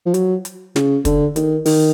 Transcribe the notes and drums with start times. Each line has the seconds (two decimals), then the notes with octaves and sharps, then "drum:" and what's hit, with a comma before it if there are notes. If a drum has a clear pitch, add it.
0.06 F3
0.14 F#3, drum: hi-hat
0.45 drum: hi-hat
0.76 C#3, drum: snare
1.05 D3, drum: kick, hi-hat
1.36 D#3, drum: hi-hat
1.66 D#3, drum: open hi-hat